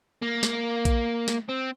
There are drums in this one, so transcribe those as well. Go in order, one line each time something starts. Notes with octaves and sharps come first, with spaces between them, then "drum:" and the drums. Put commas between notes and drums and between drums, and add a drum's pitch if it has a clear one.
A#3
drum: snare
drum: kick A#1, hi-hat
drum: snare
C4